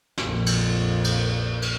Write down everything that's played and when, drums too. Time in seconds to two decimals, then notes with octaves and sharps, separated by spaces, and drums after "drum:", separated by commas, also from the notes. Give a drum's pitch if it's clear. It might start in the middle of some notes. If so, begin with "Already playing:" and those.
0.18 A#1 F2, drum: snare
0.46 drum: cymbal
1.04 drum: cymbal
1.62 drum: cymbal